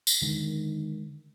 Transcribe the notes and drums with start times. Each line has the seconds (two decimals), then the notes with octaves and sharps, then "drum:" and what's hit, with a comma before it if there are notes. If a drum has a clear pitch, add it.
0.07 drum: tambourine
0.22 D3 D#3 G#3